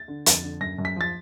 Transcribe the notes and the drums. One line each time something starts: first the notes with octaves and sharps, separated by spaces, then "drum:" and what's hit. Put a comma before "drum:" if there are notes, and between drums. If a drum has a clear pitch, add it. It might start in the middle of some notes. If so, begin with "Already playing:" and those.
Already playing: A6
D3
F2, drum: hi-hat
D3
F#2 A#6
F#2
B6
F3 A6